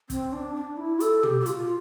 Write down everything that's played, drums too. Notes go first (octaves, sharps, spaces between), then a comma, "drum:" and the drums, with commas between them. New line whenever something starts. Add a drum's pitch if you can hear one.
C4, drum: kick, hi-hat
D4
D4
E4
A4, drum: hi-hat
G4, drum: tom
G4
F4, drum: hi-hat